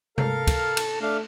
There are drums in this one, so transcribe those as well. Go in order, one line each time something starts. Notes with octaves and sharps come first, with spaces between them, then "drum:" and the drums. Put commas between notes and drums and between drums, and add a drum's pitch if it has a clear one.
A4 A#4 F5, drum: tom C3
drum: kick, cymbal
drum: cymbal
A3 D4 F5